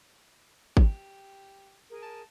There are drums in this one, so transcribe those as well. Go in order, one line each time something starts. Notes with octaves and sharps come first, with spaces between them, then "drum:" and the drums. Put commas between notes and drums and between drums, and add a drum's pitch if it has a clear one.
G4, drum: kick G#1
G#4 A#4 G#5
A5